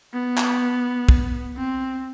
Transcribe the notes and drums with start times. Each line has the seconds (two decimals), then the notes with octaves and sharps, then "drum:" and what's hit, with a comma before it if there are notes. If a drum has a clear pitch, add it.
0.14 B3
0.38 drum: clap
1.09 drum: kick
1.56 C4